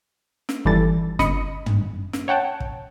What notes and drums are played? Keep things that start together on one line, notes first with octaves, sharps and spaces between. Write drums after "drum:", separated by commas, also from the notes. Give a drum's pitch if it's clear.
drum: snare
G1 E3 G3 A4 A6
G1 D#5 B5 D#6 C#7, drum: snare
drum: tom
drum: snare
C#5 F#5 G5 A5
drum: kick